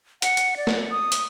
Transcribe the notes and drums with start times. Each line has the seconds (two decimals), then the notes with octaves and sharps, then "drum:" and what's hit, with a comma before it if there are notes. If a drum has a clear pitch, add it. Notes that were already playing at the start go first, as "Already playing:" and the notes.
0.22 F#5, drum: hi-hat
0.37 drum: hi-hat
0.57 D5
0.67 drum: snare
0.90 D#6
1.12 drum: hi-hat